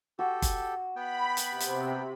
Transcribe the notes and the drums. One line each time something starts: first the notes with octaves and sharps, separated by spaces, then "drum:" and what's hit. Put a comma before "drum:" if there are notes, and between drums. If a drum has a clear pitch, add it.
F#4 G4 A4
drum: kick, hi-hat
B3 G5 B5
drum: hi-hat
C3
drum: hi-hat